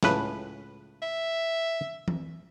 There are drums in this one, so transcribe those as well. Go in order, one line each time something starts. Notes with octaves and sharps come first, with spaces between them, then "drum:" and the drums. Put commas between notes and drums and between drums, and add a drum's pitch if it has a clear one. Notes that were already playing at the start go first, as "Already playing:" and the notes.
C#2 A2 B4, drum: snare
E5
drum: tom E3